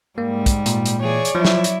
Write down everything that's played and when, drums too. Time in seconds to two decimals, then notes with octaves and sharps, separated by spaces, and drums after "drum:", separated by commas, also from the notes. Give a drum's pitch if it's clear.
0.18 G#2 G3 A#3
0.46 drum: kick, hi-hat
0.66 A#2, drum: hi-hat
0.86 drum: hi-hat
1.01 E3 G#4 C#5 D5
1.25 drum: hi-hat
1.35 F3 F#3 E4
1.45 drum: snare
1.64 drum: hi-hat